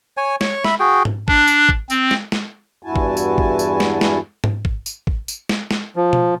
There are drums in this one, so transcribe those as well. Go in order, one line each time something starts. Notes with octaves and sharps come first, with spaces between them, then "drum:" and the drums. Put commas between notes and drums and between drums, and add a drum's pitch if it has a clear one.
C#5 G#5
C#5 C#6, drum: snare
E5 B5, drum: snare
F#4 G#4 G5
drum: tom G#2
D4, drum: kick
drum: tambourine
drum: kick
C4, drum: tambourine
drum: snare
drum: snare
E2 G2 E4 F#4 G#5 A5
drum: kick
drum: tambourine
drum: kick
drum: tambourine
drum: snare
drum: snare
drum: tom G#2
drum: kick
drum: tambourine
drum: kick
drum: tambourine
drum: snare
drum: snare
F3
drum: tom B2